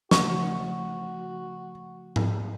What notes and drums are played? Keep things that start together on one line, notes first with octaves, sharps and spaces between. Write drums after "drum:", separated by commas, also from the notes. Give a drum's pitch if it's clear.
C#3 F3 A3 F#4 C#6, drum: snare
drum: tom G#2